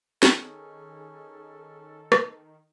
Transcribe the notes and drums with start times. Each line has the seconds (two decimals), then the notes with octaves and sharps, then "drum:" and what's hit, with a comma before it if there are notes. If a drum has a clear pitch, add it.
0.23 D#3 C#4 G#4 A4, drum: snare
2.12 drum: rim click